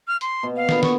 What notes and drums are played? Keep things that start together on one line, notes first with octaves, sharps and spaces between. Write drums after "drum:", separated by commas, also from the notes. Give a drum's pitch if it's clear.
F6
C6, drum: hi-hat
B2
F5
A#2 D3 B3, drum: snare
C#6, drum: snare